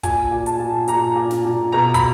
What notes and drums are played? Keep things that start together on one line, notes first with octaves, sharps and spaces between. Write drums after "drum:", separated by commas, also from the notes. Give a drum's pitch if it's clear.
A#2 G#5, drum: kick, hi-hat
A#2
A5, drum: hi-hat
A#2
A#2 A#5, drum: hi-hat
A#2
drum: snare
A#2
B2 A#5
B5, drum: kick, hi-hat